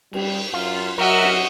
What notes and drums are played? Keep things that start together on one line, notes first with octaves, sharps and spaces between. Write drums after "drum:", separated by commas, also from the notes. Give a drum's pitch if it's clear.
G3, drum: cymbal
F#2 F4
F#3 F#4 A#4 D#5 E5 F#5
drum: cymbal